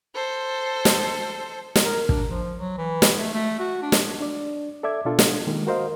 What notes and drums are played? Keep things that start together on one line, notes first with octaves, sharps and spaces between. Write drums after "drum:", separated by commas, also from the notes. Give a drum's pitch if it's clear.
A4 C5
drum: snare
drum: snare
A#4
D4, drum: kick
F3
F#3
E3
drum: snare
A3
A3
F#4
D4
drum: snare
D4 D5
A4 D5 E5 D6 G#6
B2 D4 F4 A4
drum: snare
D#3 G#3 A#3
F#4 A#4 C5 D#5 F5